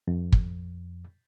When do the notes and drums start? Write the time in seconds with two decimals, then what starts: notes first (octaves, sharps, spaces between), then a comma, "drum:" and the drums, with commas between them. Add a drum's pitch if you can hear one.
0.08 F2
0.32 drum: kick